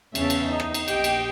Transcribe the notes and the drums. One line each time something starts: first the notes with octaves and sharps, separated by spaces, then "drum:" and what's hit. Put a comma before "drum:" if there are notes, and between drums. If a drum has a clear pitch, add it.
E2 C#3 C#4 E5 A5, drum: cymbal
drum: cymbal
D#4
drum: rim click
drum: cymbal
A#1 G4 D#5 G5, drum: cymbal
drum: cymbal